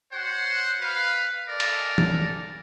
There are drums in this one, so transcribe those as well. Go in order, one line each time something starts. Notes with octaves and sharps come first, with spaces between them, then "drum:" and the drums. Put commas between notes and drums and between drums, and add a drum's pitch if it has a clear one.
F#4 C5 C#5 F#5
B4 F5
A4 A#4 D5
drum: cymbal
drum: tom